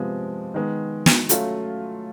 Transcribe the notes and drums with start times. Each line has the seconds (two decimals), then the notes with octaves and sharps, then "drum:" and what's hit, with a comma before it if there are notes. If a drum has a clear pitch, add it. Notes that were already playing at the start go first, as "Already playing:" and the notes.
Already playing: C3 F3 G#3 B3
0.54 D#3 G#3 B3
1.06 drum: snare
1.29 F#3 A3 C#4 F4, drum: hi-hat